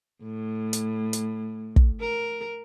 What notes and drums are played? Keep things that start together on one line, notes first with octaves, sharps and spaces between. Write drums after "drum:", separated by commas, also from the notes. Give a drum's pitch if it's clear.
A2
drum: hi-hat
drum: hi-hat
drum: kick
A#4